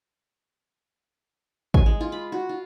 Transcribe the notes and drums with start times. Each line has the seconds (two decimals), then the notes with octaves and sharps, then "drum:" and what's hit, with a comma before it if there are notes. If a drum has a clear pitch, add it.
1.74 G#5, drum: kick
1.86 G#3
2.01 F4
2.12 B5
2.32 F#4
2.49 F4